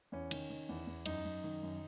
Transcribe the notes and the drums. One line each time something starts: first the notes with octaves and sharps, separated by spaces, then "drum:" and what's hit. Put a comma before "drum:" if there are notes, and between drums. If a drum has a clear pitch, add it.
E2 C#4
D#3, drum: cymbal
D#3
E2
E2
F#2 D#4, drum: cymbal
F#2
D#3
F#2